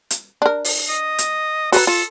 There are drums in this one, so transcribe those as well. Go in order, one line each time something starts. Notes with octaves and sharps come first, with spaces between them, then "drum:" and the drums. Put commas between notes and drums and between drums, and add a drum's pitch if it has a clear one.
drum: hi-hat
D4 A#4
drum: open hi-hat
D#5
drum: hi-hat
F#4 A4 B4 A#5, drum: open hi-hat
F4 A4